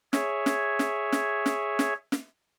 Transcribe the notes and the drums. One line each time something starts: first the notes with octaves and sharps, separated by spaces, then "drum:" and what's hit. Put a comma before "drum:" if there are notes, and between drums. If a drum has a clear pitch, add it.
G#4 C#5 E5, drum: snare
drum: snare
drum: snare
drum: snare
drum: snare
drum: snare
drum: snare